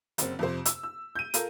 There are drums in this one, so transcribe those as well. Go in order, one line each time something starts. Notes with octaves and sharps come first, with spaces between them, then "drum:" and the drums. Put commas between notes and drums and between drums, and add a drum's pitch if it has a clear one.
F#1 C4, drum: hi-hat
F2 C3 C5
E6, drum: hi-hat
E6
G6 D#7
F4 A4 A#4, drum: hi-hat